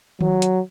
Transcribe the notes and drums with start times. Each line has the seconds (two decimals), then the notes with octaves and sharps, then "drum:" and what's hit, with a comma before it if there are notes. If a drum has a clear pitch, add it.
0.21 F#3, drum: tom D#3
0.42 drum: hi-hat